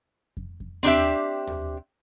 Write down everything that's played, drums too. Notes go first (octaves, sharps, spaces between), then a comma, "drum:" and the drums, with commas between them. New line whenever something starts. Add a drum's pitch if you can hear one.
drum: kick F2
drum: kick F2
C4 D4 G4 E5, drum: tom D#2
drum: tom D#2